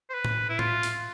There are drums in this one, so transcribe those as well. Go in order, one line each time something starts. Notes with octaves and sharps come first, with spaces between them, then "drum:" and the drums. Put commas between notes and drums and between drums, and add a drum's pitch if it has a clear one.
C5
B4
drum: tom A2
E4
F4, drum: tom A2
drum: open hi-hat